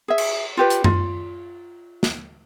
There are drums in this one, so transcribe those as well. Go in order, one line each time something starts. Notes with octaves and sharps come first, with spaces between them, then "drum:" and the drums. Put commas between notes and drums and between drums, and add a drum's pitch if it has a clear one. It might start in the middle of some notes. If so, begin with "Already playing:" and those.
G#4 E5
drum: cymbal
F4 G4 B4
drum: hi-hat
F4, drum: tom F#2
drum: snare